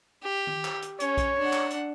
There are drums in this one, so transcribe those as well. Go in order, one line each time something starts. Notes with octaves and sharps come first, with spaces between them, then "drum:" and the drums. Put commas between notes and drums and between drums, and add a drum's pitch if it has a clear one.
G4
drum: tom D#3
drum: clap
drum: hi-hat
C#4 C#5, drum: hi-hat
drum: kick A#1, hi-hat
D4 F#5
drum: clap
drum: hi-hat